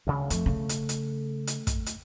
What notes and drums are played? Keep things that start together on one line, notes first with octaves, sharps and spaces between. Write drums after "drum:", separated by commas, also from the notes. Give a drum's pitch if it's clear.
D2 C#3
F2 A3, drum: hi-hat
C#3
drum: hi-hat
drum: hi-hat
drum: hi-hat
drum: kick, hi-hat
drum: hi-hat